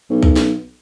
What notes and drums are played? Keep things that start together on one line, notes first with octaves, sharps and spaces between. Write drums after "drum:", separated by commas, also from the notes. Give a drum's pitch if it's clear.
B1
drum: kick C2
drum: snare